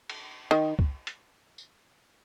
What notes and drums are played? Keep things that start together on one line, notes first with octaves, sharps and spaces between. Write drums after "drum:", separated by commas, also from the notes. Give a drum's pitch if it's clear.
drum: cymbal
D#3
drum: kick C#2
drum: hi-hat
drum: tambourine